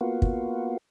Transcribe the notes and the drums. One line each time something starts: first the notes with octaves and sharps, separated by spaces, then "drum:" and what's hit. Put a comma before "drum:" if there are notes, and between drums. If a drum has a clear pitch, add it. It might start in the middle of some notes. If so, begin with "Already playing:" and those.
A#3 B3 F4 F#4
drum: kick